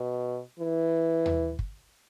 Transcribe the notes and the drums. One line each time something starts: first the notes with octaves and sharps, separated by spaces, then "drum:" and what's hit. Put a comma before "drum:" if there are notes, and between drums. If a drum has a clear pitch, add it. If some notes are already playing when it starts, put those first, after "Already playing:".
Already playing: B2
E3
drum: tom D#2
drum: kick